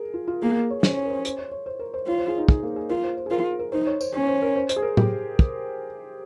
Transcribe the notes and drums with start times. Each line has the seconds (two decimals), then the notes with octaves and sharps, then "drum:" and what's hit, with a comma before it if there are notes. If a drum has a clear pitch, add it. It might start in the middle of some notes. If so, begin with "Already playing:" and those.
Already playing: G#4 A#4
0.14 F4
0.27 F4
0.42 A#3 G#4
0.70 C#5
0.83 C#4 C5, drum: snare
0.96 C#5
1.05 A#4
1.10 C5
1.25 C5, drum: hi-hat
1.39 C#5
1.52 C#5
1.66 C5
1.79 A#4
1.94 C5
2.07 F4 C#5
2.18 C5
2.28 G#4
2.38 D#4
2.49 G#4, drum: kick
2.63 A#3
2.76 G#4
2.89 F4 A#4
3.04 C5
3.17 C5
3.26 G#4
3.31 F4 A#4
3.59 A#4
3.72 D#4 C5
3.87 C#5
4.01 C5, drum: tambourine
4.14 C#4 C#5
4.28 C5
4.42 A#4
4.56 C5
4.69 C5, drum: hi-hat
4.76 G#4
4.82 A#4
4.97 G4, drum: tom A2
5.39 drum: kick